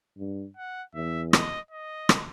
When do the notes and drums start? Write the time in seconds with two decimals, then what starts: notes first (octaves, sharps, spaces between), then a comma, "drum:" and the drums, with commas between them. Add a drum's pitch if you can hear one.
0.18 G2
0.57 F#5
0.95 E2 E5
1.33 D#5, drum: rim click
1.71 D#5
2.09 drum: rim click